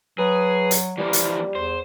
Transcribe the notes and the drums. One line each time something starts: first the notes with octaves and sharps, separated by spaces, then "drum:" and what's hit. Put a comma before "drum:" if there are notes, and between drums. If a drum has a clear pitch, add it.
F#3 G#4 B4
drum: hi-hat
E3 F3 G3 A#3
drum: hi-hat
E2 C5